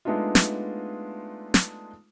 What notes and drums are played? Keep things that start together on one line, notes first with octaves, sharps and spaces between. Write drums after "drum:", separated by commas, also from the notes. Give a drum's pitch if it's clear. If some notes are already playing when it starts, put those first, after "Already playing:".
G#3 A3 B3 D4 D#4 F4
drum: snare
drum: snare